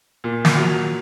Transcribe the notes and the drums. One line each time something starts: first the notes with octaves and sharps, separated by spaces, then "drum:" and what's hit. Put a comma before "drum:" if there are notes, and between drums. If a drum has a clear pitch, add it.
A#2
drum: snare
F#3